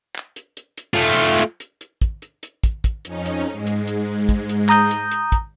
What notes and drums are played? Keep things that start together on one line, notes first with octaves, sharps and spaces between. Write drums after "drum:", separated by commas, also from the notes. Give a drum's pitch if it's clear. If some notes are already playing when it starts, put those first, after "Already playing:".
drum: clap
drum: hi-hat
drum: hi-hat
drum: hi-hat
A3 F4
drum: hi-hat
drum: clap
drum: hi-hat
drum: hi-hat
drum: kick, hi-hat
drum: hi-hat
drum: hi-hat
drum: kick, hi-hat
drum: kick, hi-hat
F2 C#4 D#4, drum: hi-hat
drum: hi-hat
G#2 G#3
drum: hi-hat
drum: hi-hat
drum: kick, hi-hat
drum: hi-hat
A#5 D#6 G6, drum: clap
drum: hi-hat
drum: hi-hat
drum: kick, hi-hat